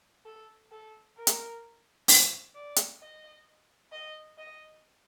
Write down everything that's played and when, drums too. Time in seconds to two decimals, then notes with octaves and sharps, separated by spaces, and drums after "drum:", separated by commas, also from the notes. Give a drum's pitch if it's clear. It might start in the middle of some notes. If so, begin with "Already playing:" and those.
0.26 A4
0.72 A4
1.17 A#4
1.27 drum: hi-hat
2.08 C5, drum: open hi-hat
2.55 D5
2.76 drum: hi-hat
3.00 D#5
3.92 D#5
4.38 D#5